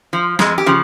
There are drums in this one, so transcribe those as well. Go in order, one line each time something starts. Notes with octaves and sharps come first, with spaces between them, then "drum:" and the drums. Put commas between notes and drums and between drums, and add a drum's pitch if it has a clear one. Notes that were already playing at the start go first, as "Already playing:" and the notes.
F3
F2 G#3, drum: snare
G4
C#3 F3